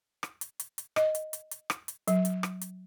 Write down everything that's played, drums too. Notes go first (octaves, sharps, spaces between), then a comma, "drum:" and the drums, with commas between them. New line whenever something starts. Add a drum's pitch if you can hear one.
drum: rim click
drum: hi-hat
drum: hi-hat
drum: hi-hat
D#5, drum: rim click
drum: hi-hat
drum: hi-hat
drum: hi-hat
drum: rim click
drum: hi-hat
F#3, drum: hi-hat
drum: hi-hat
drum: rim click
drum: hi-hat